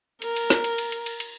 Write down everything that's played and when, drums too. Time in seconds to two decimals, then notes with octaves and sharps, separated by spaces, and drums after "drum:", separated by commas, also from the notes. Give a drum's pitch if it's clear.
0.22 A#4, drum: cymbal
0.36 drum: cymbal
0.50 drum: snare
0.64 drum: cymbal
0.78 drum: cymbal
0.92 drum: cymbal
1.06 drum: cymbal
1.20 drum: cymbal